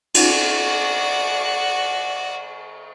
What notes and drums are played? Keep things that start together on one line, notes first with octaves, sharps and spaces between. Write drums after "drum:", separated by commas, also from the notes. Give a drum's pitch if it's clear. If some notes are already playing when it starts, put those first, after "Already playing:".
F#4 D5, drum: cymbal